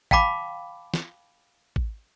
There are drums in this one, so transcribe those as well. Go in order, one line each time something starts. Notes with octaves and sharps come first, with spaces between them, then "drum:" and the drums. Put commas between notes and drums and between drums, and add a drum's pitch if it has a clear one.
F5 G5 A5 B5 D6, drum: kick
drum: snare
drum: kick